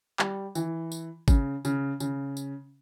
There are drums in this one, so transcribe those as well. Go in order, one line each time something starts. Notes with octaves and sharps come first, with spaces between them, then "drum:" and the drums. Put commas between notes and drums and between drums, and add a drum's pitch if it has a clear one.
G3, drum: clap
E3, drum: tambourine
drum: tambourine
C#3, drum: kick G#1, tambourine
C#3, drum: tambourine
C#3, drum: tambourine
drum: tambourine